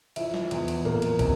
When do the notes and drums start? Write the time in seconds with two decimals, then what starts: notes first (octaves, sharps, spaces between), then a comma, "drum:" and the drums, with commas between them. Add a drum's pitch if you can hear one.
0.16 F3 E4 E5, drum: cymbal
0.34 drum: snare
0.51 E2, drum: cymbal
0.68 drum: cymbal
0.85 A#3, drum: tom A2
1.02 drum: cymbal
1.19 C3, drum: kick, cymbal